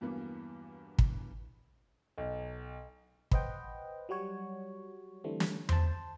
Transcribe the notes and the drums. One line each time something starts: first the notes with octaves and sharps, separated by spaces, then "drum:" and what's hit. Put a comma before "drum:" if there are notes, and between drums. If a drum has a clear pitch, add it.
E2 G2 E3 F#3 A#3 B3
drum: kick
B1
B4 C5 D#5 F#5 G5, drum: kick
F#3 G3 F#4 C#5
D3 E3 G3 A3 C4
drum: snare
C5 A5, drum: tom E2